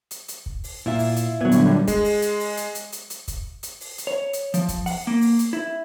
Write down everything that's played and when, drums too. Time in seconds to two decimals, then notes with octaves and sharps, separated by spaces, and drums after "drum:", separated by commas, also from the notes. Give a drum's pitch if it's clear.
0.11 drum: hi-hat
0.28 drum: hi-hat
0.46 drum: kick
0.64 drum: open hi-hat
0.86 A#2 E4 F4 E5
0.99 drum: open hi-hat
1.16 drum: hi-hat
1.41 A#2 D3 F#3 G3 B3 G#6
1.52 drum: hi-hat
1.88 G#3, drum: kick, hi-hat
2.04 drum: open hi-hat
2.22 drum: hi-hat
2.40 drum: open hi-hat
2.57 drum: hi-hat
2.75 drum: hi-hat
2.93 drum: hi-hat
3.10 drum: hi-hat
3.28 drum: kick, hi-hat
3.63 drum: hi-hat
3.81 drum: open hi-hat
3.98 drum: hi-hat
4.07 C#5
4.33 drum: hi-hat
4.54 F3, drum: hi-hat
4.69 drum: kick, hi-hat
4.86 F#5, drum: open hi-hat
5.07 A#3
5.21 drum: open hi-hat
5.39 drum: hi-hat
5.53 E4